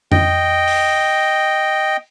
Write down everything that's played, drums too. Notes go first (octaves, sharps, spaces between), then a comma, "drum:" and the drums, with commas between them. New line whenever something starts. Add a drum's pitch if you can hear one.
D#5 G5, drum: tom F2
drum: open hi-hat